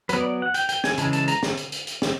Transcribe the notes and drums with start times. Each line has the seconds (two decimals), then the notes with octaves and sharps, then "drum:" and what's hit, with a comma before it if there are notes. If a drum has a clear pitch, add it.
0.09 F#3 B3 B4, drum: hi-hat
0.21 D5
0.42 F#5
0.54 G5, drum: hi-hat
0.69 G5, drum: hi-hat
0.84 G#5, drum: snare
0.98 C#3 E3 G#3 A5, drum: hi-hat
1.13 A5, drum: hi-hat
1.28 A#5, drum: hi-hat
1.43 drum: snare
1.57 drum: hi-hat
1.72 drum: hi-hat
1.87 drum: hi-hat
2.02 drum: snare